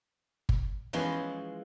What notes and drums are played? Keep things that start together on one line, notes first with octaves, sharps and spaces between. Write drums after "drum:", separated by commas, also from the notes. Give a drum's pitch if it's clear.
drum: kick G1
E3 F3 G#3 B3 C#4 E4